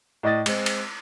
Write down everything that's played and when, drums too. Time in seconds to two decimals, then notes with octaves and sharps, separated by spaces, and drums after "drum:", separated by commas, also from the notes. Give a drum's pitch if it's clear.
0.23 A2 D5 D#5 A6
0.46 G#3 C4, drum: cymbal
0.66 drum: cymbal